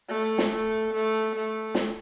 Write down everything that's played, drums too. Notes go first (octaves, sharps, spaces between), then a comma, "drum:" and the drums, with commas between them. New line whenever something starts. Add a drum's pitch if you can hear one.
A3
drum: snare
A3
A3
A3
drum: snare